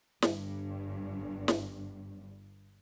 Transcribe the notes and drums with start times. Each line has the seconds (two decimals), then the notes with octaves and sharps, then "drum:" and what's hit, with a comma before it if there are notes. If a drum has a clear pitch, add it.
0.22 G1 G2, drum: snare
1.48 drum: snare